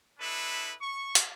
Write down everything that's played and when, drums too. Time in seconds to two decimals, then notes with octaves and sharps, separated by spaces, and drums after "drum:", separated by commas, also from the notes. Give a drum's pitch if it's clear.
0.20 G#3 D4 E4 A4 B4
0.81 C#6
1.15 drum: hi-hat